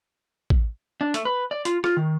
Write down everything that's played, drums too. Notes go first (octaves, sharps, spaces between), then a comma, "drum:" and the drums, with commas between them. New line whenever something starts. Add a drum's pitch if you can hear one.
drum: kick
D4
A3, drum: hi-hat
B4
D5
F4, drum: hi-hat
F4, drum: rim click
D#3